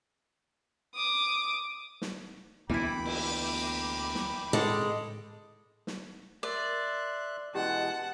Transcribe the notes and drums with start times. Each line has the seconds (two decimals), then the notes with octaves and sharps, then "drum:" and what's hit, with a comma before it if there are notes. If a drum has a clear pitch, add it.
0.94 D6 D#6
2.02 drum: snare
2.70 D2 E3 A#3 B3 E4 G5 B5 D6
3.06 drum: cymbal
4.15 drum: snare
4.53 G#3 A4, drum: tom A2
5.87 drum: snare
6.43 A#4 D5 E5 C6 F#6
7.54 B2 E3 G#3 C#4 E4 G4 F#5 A5